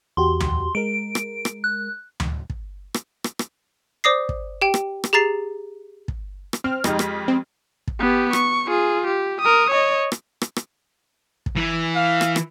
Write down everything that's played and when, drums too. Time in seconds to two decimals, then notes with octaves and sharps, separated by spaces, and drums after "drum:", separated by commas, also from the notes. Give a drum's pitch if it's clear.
0.17 E2 F#4 G4 C6
0.40 drum: tom D2
0.75 G#3 A#4 D7
1.15 drum: rim click
1.45 drum: rim click
1.64 F#6
2.20 drum: tom D2
2.50 drum: kick
2.94 drum: rim click
3.24 drum: rim click
3.39 drum: rim click
4.04 C5 D5 D6 D#6 A#6 C7
4.29 drum: kick
4.62 G4 G5
4.74 drum: rim click
5.04 drum: rim click
5.13 G4 G#4 A#5 A6 C7
6.08 drum: kick
6.53 drum: rim click
6.64 C4 F6
6.84 F2 G#3 D#4 G4, drum: rim click
6.99 B6, drum: rim click
7.28 C4
7.87 drum: kick
7.99 B3 G4
8.33 C#6, drum: rim click
8.68 F4 G#4
9.07 G4
9.41 A#4 D#6
9.70 C#5 D#5
10.12 drum: rim click
10.42 drum: rim click
10.56 drum: rim click
11.46 drum: kick
11.56 E3
11.95 F5
12.21 drum: rim click
12.36 drum: rim click